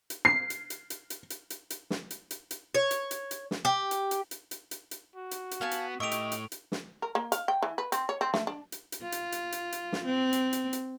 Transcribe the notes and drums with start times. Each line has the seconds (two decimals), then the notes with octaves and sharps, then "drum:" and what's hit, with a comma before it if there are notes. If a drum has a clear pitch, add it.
0.10 drum: hi-hat
0.25 C7
0.50 drum: hi-hat
0.70 drum: hi-hat
0.90 drum: hi-hat
1.10 drum: hi-hat
1.30 drum: hi-hat
1.50 drum: hi-hat
1.70 drum: hi-hat
1.90 drum: snare
2.11 drum: hi-hat
2.31 drum: hi-hat
2.51 drum: hi-hat
2.75 C#5
2.91 drum: hi-hat
3.11 drum: hi-hat
3.31 drum: hi-hat
3.51 drum: snare
3.65 G4
3.91 drum: hi-hat
4.11 drum: hi-hat
4.31 drum: hi-hat
4.51 drum: hi-hat
4.71 drum: hi-hat
4.91 drum: hi-hat
5.16 F#4
5.31 drum: hi-hat
5.51 drum: hi-hat
5.61 B3 F5 G#5 A5
5.71 drum: hi-hat
6.00 A2 G4 D#5 E5 C#6 D7 F7
6.12 drum: hi-hat
6.32 drum: hi-hat
6.52 drum: hi-hat
6.72 drum: snare
7.02 A#4
7.15 A#3
7.32 F5, drum: hi-hat
7.48 G5
7.62 E3
7.78 B4
7.92 C4, drum: hi-hat
8.09 C#5
8.21 C4
8.34 A3, drum: snare
8.47 D4
8.72 drum: hi-hat
8.92 drum: hi-hat
9.02 F4
9.12 drum: hi-hat
9.32 drum: hi-hat
9.52 drum: hi-hat
9.72 drum: hi-hat
9.93 drum: snare
10.05 C4
10.33 drum: hi-hat
10.53 drum: hi-hat
10.73 drum: hi-hat